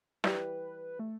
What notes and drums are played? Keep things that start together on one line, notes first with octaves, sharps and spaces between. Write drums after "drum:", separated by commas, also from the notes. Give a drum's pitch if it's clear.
E3 G3 B4, drum: snare
A3